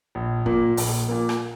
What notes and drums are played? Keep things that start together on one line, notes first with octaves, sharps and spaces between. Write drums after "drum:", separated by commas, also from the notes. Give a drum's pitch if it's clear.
A#1
A#2 A#3, drum: kick
A#1, drum: open hi-hat
A#2 A#3
drum: rim click